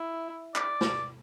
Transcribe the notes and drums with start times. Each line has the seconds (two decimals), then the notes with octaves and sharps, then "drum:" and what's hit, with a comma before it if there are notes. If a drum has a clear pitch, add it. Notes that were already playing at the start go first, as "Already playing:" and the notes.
Already playing: E4
0.56 D5, drum: clap
0.81 drum: snare